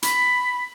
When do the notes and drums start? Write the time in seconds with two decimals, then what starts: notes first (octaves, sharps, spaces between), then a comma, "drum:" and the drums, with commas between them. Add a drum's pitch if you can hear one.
0.03 B5, drum: hi-hat